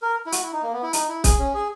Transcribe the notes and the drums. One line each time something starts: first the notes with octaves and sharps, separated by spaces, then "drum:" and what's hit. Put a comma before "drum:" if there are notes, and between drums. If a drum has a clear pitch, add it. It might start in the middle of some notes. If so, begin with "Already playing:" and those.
A#4
E4
F#4, drum: hi-hat
E4
D#4
A#3
B3
E4
D#4, drum: hi-hat
E4
G#4, drum: kick, hi-hat
C#4
G#4